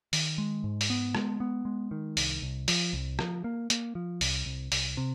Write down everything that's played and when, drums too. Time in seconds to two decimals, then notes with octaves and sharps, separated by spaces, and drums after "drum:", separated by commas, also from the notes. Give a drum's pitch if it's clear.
0.13 D#3, drum: open hi-hat
0.38 G#3
0.64 G#2
0.81 drum: open hi-hat
0.90 B3
1.15 G#3, drum: rim click
1.40 B3
1.65 G#3
1.91 D#3
2.17 C2, drum: open hi-hat
2.42 C2
2.68 F3, drum: open hi-hat
2.93 C2
3.19 F3, drum: rim click
3.44 A#3
3.70 A#3, drum: hi-hat
3.95 F3
4.21 C2, drum: open hi-hat
4.46 C2
4.72 C2, drum: open hi-hat
4.97 C3